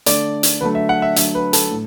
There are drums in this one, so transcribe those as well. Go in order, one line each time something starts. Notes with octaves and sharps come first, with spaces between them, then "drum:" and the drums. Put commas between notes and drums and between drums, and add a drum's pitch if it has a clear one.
D3 A3 D5, drum: hi-hat
drum: hi-hat
D3 F#3 A3 B4
E5
F#5
E5
D3 F#3 A3 E5, drum: hi-hat
B4
A4, drum: hi-hat
A2